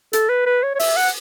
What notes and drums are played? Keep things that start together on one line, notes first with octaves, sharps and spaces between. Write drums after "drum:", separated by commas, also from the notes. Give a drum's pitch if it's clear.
A4, drum: hi-hat
B4
B4
C#5
C#5
E5, drum: open hi-hat
F#5